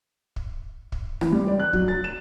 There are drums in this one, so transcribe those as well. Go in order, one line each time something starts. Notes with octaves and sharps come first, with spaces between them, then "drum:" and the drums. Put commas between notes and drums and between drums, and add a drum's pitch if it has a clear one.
drum: kick
drum: kick
E3, drum: rim click
G3
D5
F#6
F#3, drum: kick
A6
E7